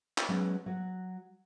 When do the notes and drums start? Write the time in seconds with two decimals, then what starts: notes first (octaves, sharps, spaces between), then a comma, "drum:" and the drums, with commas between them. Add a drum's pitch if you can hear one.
0.18 drum: clap
0.29 F#3 G#3 B3 C#4
0.66 F#3 F#4